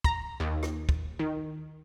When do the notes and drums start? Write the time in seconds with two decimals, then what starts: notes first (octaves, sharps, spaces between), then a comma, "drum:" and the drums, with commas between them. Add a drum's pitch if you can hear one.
0.04 A#5, drum: kick
0.40 D#2
0.63 drum: rim click
0.89 drum: kick
1.19 D#3